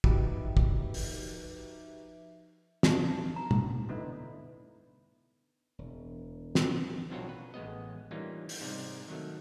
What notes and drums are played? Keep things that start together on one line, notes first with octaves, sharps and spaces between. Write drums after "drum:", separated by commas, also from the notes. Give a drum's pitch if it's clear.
F3 D#4 F#4 G4 B4 E5, drum: kick
drum: kick
drum: open hi-hat
D#4, drum: snare
D#4
A#5
A#5, drum: tom
D3 B3 D#4 E4
E1
drum: snare
B1 C4 D4 F4 F#4 C#5
B4
A1 G#3 B3 D#5
E3 G3 A#3 C#4 D#4 F4
drum: open hi-hat
G#2 C3 G3 G#3
D#3 F#3 A3